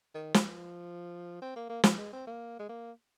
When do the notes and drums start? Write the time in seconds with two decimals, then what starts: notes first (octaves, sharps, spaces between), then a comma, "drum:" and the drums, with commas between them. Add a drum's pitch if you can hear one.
0.14 D#3
0.34 F3, drum: snare
1.41 C4
1.56 A#3
1.69 A#3
1.84 F3, drum: snare
1.98 G#3
2.13 C4
2.27 A#3
2.59 G#3
2.69 A#3